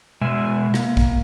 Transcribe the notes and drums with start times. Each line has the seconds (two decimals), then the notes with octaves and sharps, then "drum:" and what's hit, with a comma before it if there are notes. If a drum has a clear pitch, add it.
0.21 B2 G#3 E5 G#5
0.74 A#3, drum: rim click
0.97 drum: kick A#1